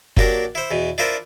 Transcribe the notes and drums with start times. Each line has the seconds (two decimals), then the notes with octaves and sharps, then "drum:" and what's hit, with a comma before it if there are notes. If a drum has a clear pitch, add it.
0.17 F#3 A#3 D4 G4 A#4, drum: kick F#1
0.55 E4 C5
0.71 E2 B2
0.98 D4 E4 F4 A#4 C5